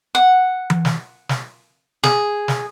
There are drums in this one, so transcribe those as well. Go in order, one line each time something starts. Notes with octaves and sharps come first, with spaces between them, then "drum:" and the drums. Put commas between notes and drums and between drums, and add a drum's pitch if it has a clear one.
F#5
drum: tom E3
drum: snare
drum: snare
G#4, drum: snare
drum: snare